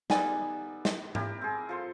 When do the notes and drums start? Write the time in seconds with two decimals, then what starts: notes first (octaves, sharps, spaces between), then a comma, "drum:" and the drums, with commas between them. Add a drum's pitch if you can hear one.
0.10 G3 B3 D#4 A4 D5 G#5, drum: snare
0.85 drum: snare
1.15 E4 G4 A#4, drum: tom G#2
1.41 C4 G#4
1.69 F3 A4 C6